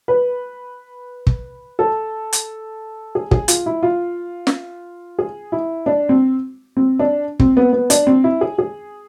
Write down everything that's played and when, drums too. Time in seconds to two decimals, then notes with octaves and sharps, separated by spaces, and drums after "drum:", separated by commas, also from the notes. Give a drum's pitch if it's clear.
0.08 B4
1.27 drum: kick
1.79 A4
2.33 drum: hi-hat
3.15 G#4
3.31 G#4, drum: kick
3.48 F4, drum: hi-hat
3.66 E4
3.83 F4
4.47 drum: snare
5.19 G#4
5.52 E4
5.86 D4
6.09 C4
6.77 C4
6.99 D4
7.40 C4, drum: kick
7.57 B3
7.73 B3
7.90 D4, drum: hi-hat
8.07 C4
8.24 E4
8.41 G#4
8.58 G#4